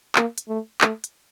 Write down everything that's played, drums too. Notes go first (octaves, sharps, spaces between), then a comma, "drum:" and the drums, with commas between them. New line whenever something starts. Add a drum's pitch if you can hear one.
A#3, drum: clap
drum: hi-hat
A3
A3, drum: clap
drum: hi-hat